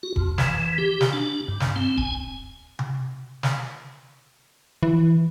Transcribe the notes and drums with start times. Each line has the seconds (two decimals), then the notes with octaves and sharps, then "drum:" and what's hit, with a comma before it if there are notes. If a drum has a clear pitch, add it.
0.03 F#4
0.16 F2, drum: kick
0.38 E3, drum: snare
0.78 G4
1.01 drum: snare
1.13 D4
1.48 G2
1.60 drum: snare
1.76 C4
1.98 G#5, drum: kick
2.79 drum: tom C3
3.43 drum: snare
4.83 E3